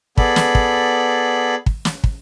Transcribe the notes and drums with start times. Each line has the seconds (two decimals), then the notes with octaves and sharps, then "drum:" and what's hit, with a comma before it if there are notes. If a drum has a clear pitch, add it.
0.18 B3 G#4 A4 D5 B5, drum: kick
0.36 drum: snare
0.55 drum: kick
1.66 drum: kick
1.85 drum: snare
2.04 drum: kick